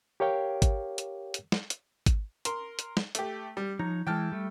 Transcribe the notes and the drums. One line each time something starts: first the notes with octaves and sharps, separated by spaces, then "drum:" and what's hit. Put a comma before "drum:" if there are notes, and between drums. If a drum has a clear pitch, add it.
G4 A#4 C#5 F5 G5
drum: kick G#1, hi-hat
drum: hi-hat
drum: hi-hat
drum: snare
drum: hi-hat
drum: kick G#1, hi-hat
A#4 C6, drum: hi-hat
drum: hi-hat
drum: snare
A3 G4, drum: hi-hat
G3
F3 D#4 C#5 A#5
E3 G#3 G5 A5 F6
G3 A3